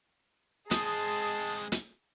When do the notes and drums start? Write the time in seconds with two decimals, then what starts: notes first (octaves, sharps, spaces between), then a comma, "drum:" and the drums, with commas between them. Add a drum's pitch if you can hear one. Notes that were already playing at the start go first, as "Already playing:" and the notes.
0.71 G#3 C4 G#4 A5 D#6, drum: hi-hat
1.72 drum: hi-hat